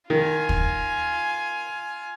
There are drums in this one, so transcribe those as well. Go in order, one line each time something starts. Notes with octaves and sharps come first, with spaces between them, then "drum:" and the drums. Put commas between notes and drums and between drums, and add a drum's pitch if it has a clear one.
D#3 F4 G#5
drum: kick